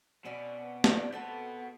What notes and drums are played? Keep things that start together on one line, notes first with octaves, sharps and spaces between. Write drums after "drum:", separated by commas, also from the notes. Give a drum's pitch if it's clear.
B2 C4 C#4 D5
D4 F4 D5, drum: snare
B2 B3 C4 A4 A5